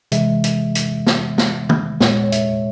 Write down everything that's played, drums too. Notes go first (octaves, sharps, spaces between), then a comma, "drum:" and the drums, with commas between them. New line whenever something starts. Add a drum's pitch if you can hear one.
C3 E3 G#3 E5, drum: hi-hat
drum: hi-hat
drum: hi-hat
drum: snare
drum: snare
drum: tom
A#2 G#3 C#5, drum: snare
C#5
E5, drum: hi-hat